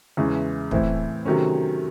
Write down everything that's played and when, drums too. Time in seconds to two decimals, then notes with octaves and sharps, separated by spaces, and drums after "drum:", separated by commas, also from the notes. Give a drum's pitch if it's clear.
0.17 E2 C#3 E3 G#3 C#4
0.71 A2 E3 C4 E4, drum: kick
1.25 C3 D#3 F#3 A3 C#4